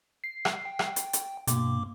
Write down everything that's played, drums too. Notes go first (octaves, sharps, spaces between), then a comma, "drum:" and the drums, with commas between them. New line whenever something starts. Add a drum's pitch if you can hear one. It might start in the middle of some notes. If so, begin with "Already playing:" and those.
C7
drum: rim click
G5
drum: rim click
drum: hi-hat
drum: hi-hat
G2 B2 A#3 D6, drum: hi-hat